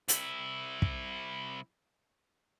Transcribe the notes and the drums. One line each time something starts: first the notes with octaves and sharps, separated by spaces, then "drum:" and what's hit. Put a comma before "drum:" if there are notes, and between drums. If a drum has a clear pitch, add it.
C2 E4, drum: hi-hat
drum: kick